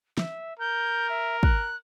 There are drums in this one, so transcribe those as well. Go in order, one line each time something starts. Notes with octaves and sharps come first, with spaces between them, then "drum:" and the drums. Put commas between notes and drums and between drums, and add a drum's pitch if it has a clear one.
E5, drum: snare
A#4 G6
E5
F#6, drum: kick